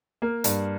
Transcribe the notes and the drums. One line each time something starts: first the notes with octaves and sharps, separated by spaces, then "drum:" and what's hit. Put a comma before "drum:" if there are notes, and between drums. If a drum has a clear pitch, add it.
A#3
G2, drum: hi-hat